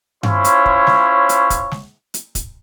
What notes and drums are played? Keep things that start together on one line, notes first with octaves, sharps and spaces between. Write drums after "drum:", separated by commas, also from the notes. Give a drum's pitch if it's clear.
C#4 E4 F4 C5 C#5, drum: tom G2
drum: hi-hat
drum: kick
drum: snare
drum: hi-hat
drum: kick, hi-hat
drum: snare
drum: hi-hat
drum: kick, hi-hat